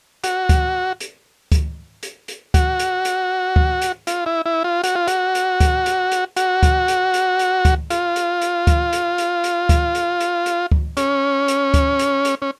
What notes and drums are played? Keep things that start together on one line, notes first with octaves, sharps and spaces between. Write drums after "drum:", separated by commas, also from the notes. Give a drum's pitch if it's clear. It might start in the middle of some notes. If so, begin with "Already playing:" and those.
F#4, drum: hi-hat
drum: kick D2, hi-hat
drum: hi-hat
drum: kick D2, hi-hat
drum: hi-hat
drum: hi-hat
F#4, drum: kick D2, hi-hat
drum: hi-hat
drum: hi-hat
drum: kick D2
drum: hi-hat
F4, drum: hi-hat
E4
E4
F4
F#4, drum: hi-hat
F4
F#4, drum: hi-hat
drum: hi-hat
drum: kick D2, hi-hat
drum: hi-hat
drum: hi-hat
F#4, drum: hi-hat
drum: kick D2, hi-hat
drum: hi-hat
drum: hi-hat
drum: hi-hat
drum: kick D2, hi-hat
F4, drum: hi-hat
drum: hi-hat
drum: hi-hat
drum: kick D2, hi-hat
drum: hi-hat
drum: hi-hat
drum: hi-hat
drum: kick D2, hi-hat
drum: hi-hat
drum: hi-hat
drum: hi-hat
drum: kick D2
C#4, drum: hi-hat
drum: hi-hat
drum: kick D2, hi-hat
drum: hi-hat
drum: hi-hat
C#4